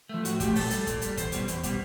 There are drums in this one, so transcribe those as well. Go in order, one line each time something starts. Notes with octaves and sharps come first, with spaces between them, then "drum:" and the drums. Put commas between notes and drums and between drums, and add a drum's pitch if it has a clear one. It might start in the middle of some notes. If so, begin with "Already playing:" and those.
F3 A3
A2 F#4, drum: hi-hat
F3 A3 G4, drum: kick, hi-hat
A#2 A4, drum: open hi-hat
G3, drum: hi-hat
A#2, drum: kick, hi-hat
G3, drum: hi-hat
E2 C5, drum: kick, hi-hat
B2 G3, drum: hi-hat
E2, drum: hi-hat
B2 G3, drum: kick, hi-hat